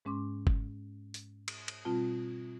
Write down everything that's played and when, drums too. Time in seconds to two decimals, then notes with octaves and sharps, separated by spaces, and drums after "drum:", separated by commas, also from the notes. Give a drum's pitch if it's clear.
0.05 G#2 G#3 C#4 C6 D6
0.47 drum: kick G1
1.14 drum: hi-hat
1.48 drum: cymbal
1.68 drum: cymbal
1.85 B2 G3 C4 F4 A5